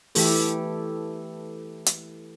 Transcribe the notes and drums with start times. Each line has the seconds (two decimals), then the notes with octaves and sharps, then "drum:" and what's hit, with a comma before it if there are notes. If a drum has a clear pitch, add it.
0.15 E3 A3 E4 G4 A4, drum: open hi-hat
1.86 drum: hi-hat